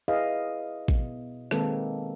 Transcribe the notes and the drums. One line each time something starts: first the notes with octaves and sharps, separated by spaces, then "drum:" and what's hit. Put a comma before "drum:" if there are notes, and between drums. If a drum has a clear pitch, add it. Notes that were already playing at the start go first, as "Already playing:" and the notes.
E4 G#4 B4 D#5 F5
B2, drum: kick
D#3 G#3 A#3 C4 A4 B4, drum: rim click